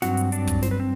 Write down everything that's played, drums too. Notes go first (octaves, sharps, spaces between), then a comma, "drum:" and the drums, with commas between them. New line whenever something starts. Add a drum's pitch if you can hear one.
G2 F#3 C4 F#4 F#5, drum: snare
drum: hi-hat
D4 D5, drum: hi-hat
drum: kick, hi-hat
C5, drum: snare
B4
C4